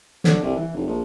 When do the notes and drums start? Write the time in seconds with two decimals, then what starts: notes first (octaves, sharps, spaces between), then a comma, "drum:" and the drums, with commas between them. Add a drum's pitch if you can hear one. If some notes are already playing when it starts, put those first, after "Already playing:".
0.24 D3, drum: snare
0.42 C2
0.56 E3
0.74 F1
0.87 A#1